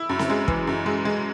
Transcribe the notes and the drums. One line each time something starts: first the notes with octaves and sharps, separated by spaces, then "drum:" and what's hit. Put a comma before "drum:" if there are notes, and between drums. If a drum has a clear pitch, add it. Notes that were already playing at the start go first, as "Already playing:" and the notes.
Already playing: E4
F#2
drum: snare C4
G#3
E3, drum: kick
F#2
G#3
G#3